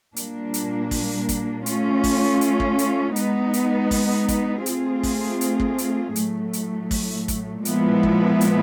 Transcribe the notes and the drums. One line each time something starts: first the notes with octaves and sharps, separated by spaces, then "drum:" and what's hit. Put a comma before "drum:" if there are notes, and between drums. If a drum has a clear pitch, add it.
A#2 G3 A#3 D4, drum: hi-hat
drum: hi-hat
drum: kick, open hi-hat
drum: kick, hi-hat
A3 C#4 F4, drum: hi-hat
drum: kick, open hi-hat
drum: hi-hat
drum: kick
drum: hi-hat
G#3 B3 D#4, drum: hi-hat
drum: hi-hat
drum: kick, open hi-hat
drum: kick, hi-hat
A3 C4 F4 G#4, drum: hi-hat
drum: kick, open hi-hat
drum: hi-hat
drum: kick
drum: hi-hat
A2 F#3 A3, drum: hi-hat
drum: hi-hat
drum: kick, open hi-hat
drum: kick, hi-hat
A#2 F3 G#3 B3 E4, drum: hi-hat
drum: kick
drum: hi-hat